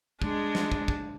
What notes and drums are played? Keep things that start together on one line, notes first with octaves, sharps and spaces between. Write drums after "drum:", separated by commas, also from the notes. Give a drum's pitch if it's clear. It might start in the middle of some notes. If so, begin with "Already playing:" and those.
G#3 D4, drum: kick
drum: snare
drum: kick
drum: kick